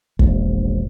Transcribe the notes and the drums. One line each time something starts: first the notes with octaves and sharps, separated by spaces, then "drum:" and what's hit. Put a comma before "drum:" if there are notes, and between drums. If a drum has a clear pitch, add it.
E1 A#1, drum: kick